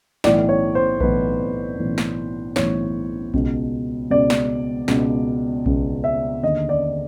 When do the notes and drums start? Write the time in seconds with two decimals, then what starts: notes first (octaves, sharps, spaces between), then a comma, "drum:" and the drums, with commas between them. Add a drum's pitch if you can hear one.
0.24 B1 A2 E3 D5, drum: snare
0.49 C#5
0.75 C5
1.00 B1 A2 E3 B4, drum: kick A#1
1.78 B1 A2 E3
1.98 drum: snare
2.56 B1 A2 E3 C#5, drum: snare
3.34 C#2 B2, drum: kick A#1
4.10 C#2 B2 D5
4.30 drum: snare
4.88 C#2 B2, drum: snare
5.66 C#2 B2, drum: kick A#1
6.04 E5
6.43 D#2 D3 D#5
6.69 D5